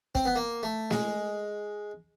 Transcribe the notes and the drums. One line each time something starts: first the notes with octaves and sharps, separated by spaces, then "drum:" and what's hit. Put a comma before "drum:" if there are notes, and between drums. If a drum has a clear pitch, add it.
C4, drum: kick
B3
A#3
A3
G#3, drum: snare